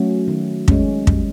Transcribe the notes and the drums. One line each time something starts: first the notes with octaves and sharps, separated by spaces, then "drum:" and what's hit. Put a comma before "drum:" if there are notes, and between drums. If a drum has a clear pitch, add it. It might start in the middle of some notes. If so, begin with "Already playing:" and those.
Already playing: F#3 A3 C#4 F#4
D#3
G#3 C#4, drum: kick
G3, drum: kick